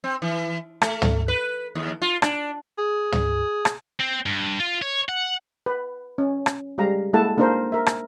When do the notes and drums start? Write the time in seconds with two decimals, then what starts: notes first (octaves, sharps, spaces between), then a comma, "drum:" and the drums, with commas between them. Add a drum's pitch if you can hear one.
0.04 C4
0.22 E3
0.82 A3, drum: rim click
1.02 drum: tom
1.28 B4
1.75 D#2
2.02 F4
2.22 D4, drum: rim click
2.78 G#4
3.12 drum: tom
3.65 drum: rim click
4.00 C4
4.26 G2
4.60 F4
4.82 C#5
5.09 F#5
5.66 B4
6.18 C#4
6.46 drum: rim click
6.78 G3 G#3 G4 F5 A#5
7.13 G#3 A#3 E4 A4 F#5 A5
7.38 A#3 D4 D#4 A#4 C5
7.72 A#4 E5
7.86 drum: rim click